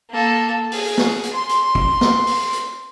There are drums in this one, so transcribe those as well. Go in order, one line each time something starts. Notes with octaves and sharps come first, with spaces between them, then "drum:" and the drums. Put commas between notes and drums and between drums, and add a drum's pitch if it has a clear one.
A#3 A4
G#4, drum: open hi-hat
drum: snare
drum: hi-hat
C6
drum: hi-hat
drum: kick
drum: snare
drum: open hi-hat
drum: hi-hat